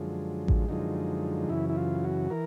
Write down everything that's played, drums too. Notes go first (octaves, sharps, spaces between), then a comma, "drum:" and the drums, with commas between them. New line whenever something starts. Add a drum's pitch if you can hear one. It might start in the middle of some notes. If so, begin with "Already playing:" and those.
Already playing: F#2 D3 F3 G#3
drum: kick A1
F#2 D3 F3 G#3 D#4
F#2 C#3 E3 E4
E4
F4
F#4
E3 A#4